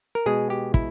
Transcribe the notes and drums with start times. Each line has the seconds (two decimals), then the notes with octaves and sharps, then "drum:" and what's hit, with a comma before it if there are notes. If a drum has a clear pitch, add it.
0.15 A#4
0.26 B2 G#3 G#4
0.50 G4
0.74 E4, drum: kick